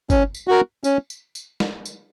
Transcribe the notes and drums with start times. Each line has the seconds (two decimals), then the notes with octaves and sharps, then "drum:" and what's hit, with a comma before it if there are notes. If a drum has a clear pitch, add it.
0.10 C#4, drum: kick G1, tambourine
0.34 drum: tambourine
0.48 F#4 A#4
0.84 C#4, drum: tambourine
1.10 drum: tambourine
1.35 drum: tambourine
1.60 drum: snare
1.85 drum: tambourine